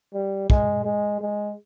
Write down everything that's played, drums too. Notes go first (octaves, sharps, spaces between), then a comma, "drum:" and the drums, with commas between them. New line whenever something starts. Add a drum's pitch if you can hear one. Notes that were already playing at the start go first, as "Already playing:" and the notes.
G3
G#3, drum: kick
G#3
G#3